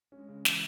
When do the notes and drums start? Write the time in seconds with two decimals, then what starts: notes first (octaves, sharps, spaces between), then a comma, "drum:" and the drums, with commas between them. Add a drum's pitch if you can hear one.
0.12 G#3 C#4
0.28 C#3
0.45 E3, drum: snare